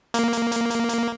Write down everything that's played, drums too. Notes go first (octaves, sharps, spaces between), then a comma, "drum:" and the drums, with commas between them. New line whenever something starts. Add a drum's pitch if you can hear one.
A#3, drum: hi-hat
drum: hi-hat
drum: hi-hat
drum: hi-hat
drum: hi-hat